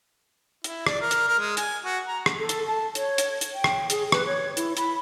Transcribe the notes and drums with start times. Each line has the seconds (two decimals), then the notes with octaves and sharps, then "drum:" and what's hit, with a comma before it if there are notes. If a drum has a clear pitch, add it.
0.64 E4, drum: hi-hat
0.87 D5, drum: rim click
1.01 A#4
1.11 drum: hi-hat
1.28 A#4
1.39 G#3
1.57 G#5, drum: hi-hat
1.84 F#4
2.08 A#5
2.26 drum: rim click
2.39 A4
2.49 drum: hi-hat
2.67 A5
2.95 C#5, drum: hi-hat
3.18 drum: hi-hat
3.41 drum: hi-hat
3.54 G5
3.64 drum: rim click
3.90 G#4, drum: hi-hat
4.12 B4, drum: rim click
4.26 C#5
4.57 E4, drum: hi-hat
4.77 B5, drum: hi-hat